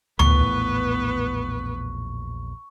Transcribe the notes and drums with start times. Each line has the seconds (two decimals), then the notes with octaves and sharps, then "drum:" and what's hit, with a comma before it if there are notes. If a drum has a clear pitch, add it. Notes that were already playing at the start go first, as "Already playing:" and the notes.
0.19 A#1 E2 A2 B3 B4 C#6, drum: tom D2